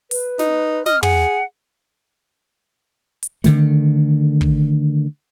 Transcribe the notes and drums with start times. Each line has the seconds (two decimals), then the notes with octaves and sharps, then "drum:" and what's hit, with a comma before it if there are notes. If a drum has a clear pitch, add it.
0.11 B4, drum: open hi-hat
0.39 D#4, drum: snare
0.86 D#5 F6, drum: snare
1.03 G#4 F#5, drum: tom
3.23 drum: hi-hat
3.44 D3 D#3 A3, drum: snare
4.41 drum: kick